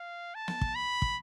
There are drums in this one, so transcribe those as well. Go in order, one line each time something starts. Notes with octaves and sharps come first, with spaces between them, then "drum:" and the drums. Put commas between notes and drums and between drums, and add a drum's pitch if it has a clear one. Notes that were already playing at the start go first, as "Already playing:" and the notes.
Already playing: F5
A5
drum: snare
drum: kick
B5
drum: kick